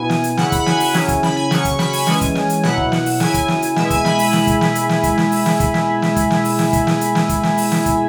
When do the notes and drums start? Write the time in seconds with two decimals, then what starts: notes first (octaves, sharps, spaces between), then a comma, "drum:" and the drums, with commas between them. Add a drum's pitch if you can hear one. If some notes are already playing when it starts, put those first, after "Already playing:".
Already playing: B2 B3 E4 G#5
0.09 drum: snare
0.24 drum: hi-hat
0.37 C#3 F#3 E4 F#5, drum: snare
0.52 B5, drum: kick, hi-hat
0.66 G#5, drum: snare
0.80 drum: open hi-hat
0.94 C#3 F#3 C#4 E4, drum: snare
1.08 drum: kick, hi-hat
1.23 B5, drum: snare
1.37 G#5
1.51 C#3 F#3 C#4 C#6, drum: snare
1.65 drum: kick, hi-hat
1.79 B5, drum: snare
1.93 G#5, drum: open hi-hat
2.07 E3 G#3 C#4, drum: snare
2.21 drum: kick, hi-hat
2.35 drum: snare
2.49 drum: hi-hat
2.63 B2 F#3 E4 F#5, drum: snare
2.78 drum: kick
2.92 drum: snare
3.06 drum: open hi-hat
3.20 C#3 F#3 E4 G#5, drum: snare
3.34 drum: kick, hi-hat
3.48 drum: snare
3.62 drum: hi-hat
3.76 B2 G#3 E4 E5, drum: snare
3.90 G#5, drum: kick, hi-hat
4.05 B5, drum: snare
4.19 drum: open hi-hat
4.33 drum: snare
4.47 drum: kick, hi-hat
4.61 drum: snare
4.75 drum: hi-hat
4.89 drum: snare
5.03 drum: kick, hi-hat
5.18 drum: snare
5.32 drum: open hi-hat
5.46 drum: snare
5.60 drum: kick, hi-hat
5.74 drum: snare
6.02 drum: snare
6.16 drum: kick, hi-hat
6.30 drum: snare
6.45 drum: open hi-hat
6.59 drum: snare
6.73 drum: kick, hi-hat
6.87 drum: snare
7.01 drum: hi-hat
7.15 drum: snare
7.29 drum: kick, hi-hat
7.43 drum: snare
7.58 drum: open hi-hat
7.72 drum: snare
7.86 drum: kick, hi-hat